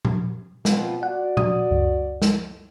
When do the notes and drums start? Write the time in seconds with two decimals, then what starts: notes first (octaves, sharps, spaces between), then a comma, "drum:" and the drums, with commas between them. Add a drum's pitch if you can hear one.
0.05 drum: tom A#2
0.65 B2 C4 F4, drum: snare
1.03 F#4 D5 F#5
1.37 D#6, drum: tom A#2
1.71 C#2 F#2
2.22 drum: snare